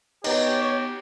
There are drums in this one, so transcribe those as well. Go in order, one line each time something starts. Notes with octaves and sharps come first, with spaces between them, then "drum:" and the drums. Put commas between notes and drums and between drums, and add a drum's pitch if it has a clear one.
B3 D#4 G4 C#5, drum: cymbal